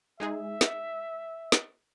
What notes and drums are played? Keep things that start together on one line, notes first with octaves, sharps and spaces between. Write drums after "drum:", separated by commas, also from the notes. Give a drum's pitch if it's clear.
G#3 D#4 G#4 E5
drum: snare
drum: snare